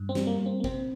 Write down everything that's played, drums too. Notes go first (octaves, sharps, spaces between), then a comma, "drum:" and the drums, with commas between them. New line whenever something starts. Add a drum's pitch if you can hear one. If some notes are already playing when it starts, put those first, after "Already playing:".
Already playing: G2
C4
G3, drum: snare
A#3
A#3
C4
A#3
C3 C4, drum: kick A1